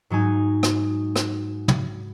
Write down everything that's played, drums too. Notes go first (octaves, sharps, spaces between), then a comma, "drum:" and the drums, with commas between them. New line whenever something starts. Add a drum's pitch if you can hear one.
G#2 F#3 D#4 G#5
drum: rim click
drum: rim click
drum: tom